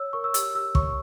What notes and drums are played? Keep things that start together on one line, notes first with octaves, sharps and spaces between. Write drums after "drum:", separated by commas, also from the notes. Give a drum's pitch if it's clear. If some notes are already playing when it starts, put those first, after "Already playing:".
Already playing: C#5 E6
A#4 C#6
E6
G4 E6, drum: hi-hat
G4 E6
C#5 C#6, drum: kick